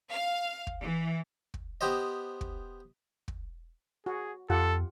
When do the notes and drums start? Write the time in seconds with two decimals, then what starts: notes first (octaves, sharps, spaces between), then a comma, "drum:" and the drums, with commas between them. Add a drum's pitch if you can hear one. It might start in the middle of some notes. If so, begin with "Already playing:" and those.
0.11 F5
0.67 drum: kick
0.81 E3
1.54 drum: kick
1.81 B3 G4 C5 D#5
2.41 drum: kick
3.28 drum: kick
4.06 F#4 G#4
4.50 F2 F4 G4 A4 F#5